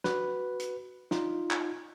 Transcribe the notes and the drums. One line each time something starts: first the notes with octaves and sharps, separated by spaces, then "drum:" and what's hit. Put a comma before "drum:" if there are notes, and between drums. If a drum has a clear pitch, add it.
F#4 B4, drum: snare
drum: hi-hat
D#4 F4, drum: snare
drum: clap